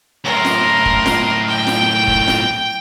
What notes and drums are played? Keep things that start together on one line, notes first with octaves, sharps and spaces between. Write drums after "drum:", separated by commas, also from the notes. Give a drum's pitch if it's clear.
F#2 A2 A#4 C6
drum: snare F4
drum: kick
drum: snare F4
G5
drum: snare F4
drum: kick
drum: snare F4